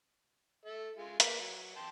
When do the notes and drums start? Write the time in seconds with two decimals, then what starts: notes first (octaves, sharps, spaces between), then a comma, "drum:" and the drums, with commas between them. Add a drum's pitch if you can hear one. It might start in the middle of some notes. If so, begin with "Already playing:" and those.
0.65 A4 E5
0.98 G#3 F4
1.20 A#3 B4, drum: hi-hat
1.39 F#3
1.76 G5 A5 C6